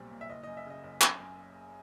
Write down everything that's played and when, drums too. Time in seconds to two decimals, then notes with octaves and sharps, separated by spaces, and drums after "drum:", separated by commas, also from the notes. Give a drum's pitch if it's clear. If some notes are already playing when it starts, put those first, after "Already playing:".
Already playing: B1 A#2 G3 C4
0.11 A#2
0.21 E5
0.29 F#1 D#5
0.43 F#2 D#5
0.57 E5
0.66 C#3 D#5
0.83 F#1
1.01 F#1, drum: clap
1.20 F#2